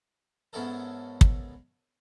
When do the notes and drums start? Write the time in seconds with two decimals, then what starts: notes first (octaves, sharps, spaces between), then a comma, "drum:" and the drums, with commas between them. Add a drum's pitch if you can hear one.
0.53 G#2 B3 C#4 E4 A4 A#4
1.21 drum: kick